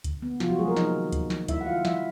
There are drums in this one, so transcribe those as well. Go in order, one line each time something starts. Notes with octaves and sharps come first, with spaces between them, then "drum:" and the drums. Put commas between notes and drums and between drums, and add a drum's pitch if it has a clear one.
D3, drum: kick D2, hi-hat
D3 B3
C3 F3 F4, drum: snare
F#3 F#4
E3 G#3 G#4
A#3 A#4
G#3 D#4 D#5, drum: snare
D#3
C3, drum: kick D2, hi-hat
C3, drum: snare
G3 E4 E5, drum: kick D2, hi-hat
F#5
D#3 F4 F5
G3 E4 E5, drum: snare